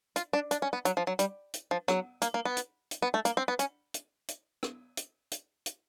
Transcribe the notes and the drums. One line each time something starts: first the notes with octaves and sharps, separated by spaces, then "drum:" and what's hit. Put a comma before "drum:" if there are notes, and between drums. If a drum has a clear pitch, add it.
F4, drum: hi-hat
D4
D4, drum: hi-hat
C#4
B3
F#3, drum: hi-hat
F3
F#3
G3, drum: hi-hat
drum: hi-hat
F3
F#3, drum: rim click
A#3, drum: hi-hat
A#3
B3
drum: hi-hat
drum: hi-hat
B3
A3
A#3, drum: hi-hat
C4
B3
C#4, drum: hi-hat
drum: hi-hat
drum: hi-hat
drum: rim click
drum: hi-hat
drum: hi-hat
drum: hi-hat